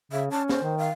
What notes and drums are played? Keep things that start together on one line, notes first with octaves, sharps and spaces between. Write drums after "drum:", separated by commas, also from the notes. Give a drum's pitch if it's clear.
C#3 E5
C#4 A5
C5, drum: snare
D#3
F5